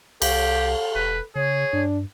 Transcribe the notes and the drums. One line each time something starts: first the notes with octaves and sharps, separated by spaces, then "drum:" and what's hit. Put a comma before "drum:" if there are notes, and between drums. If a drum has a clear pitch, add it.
C2 G4 A4 F5, drum: cymbal
E1 B4
C#3 G#4 C#5
G2 D4